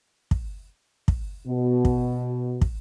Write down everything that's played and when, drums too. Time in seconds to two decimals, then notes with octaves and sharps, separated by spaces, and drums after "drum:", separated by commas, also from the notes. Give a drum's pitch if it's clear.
0.31 drum: kick
1.08 drum: kick
1.46 B2
1.85 drum: kick
2.61 drum: kick